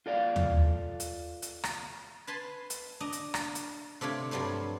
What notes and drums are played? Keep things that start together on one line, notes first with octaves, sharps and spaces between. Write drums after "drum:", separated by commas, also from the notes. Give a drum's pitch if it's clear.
F4 A4 D5 F5
drum: tom D#2
drum: hi-hat
drum: hi-hat
drum: rim click
B4 G#5 A5 B5 C6
drum: hi-hat
D4 D#5 A#5
drum: hi-hat
drum: rim click
drum: hi-hat
C3 A3 D4 F4 C#5
G2 F3 F#3 D4 C5